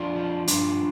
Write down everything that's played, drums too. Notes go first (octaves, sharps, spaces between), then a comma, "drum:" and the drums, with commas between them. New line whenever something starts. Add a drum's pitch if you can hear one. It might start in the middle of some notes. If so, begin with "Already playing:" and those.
Already playing: F2 D4 F4
F3
G2 D4 F4, drum: hi-hat